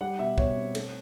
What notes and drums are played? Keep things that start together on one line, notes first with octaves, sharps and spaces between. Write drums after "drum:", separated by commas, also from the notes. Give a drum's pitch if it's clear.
G3 F#5
B2 E5
B2 C#5, drum: kick
C4
A3, drum: cymbal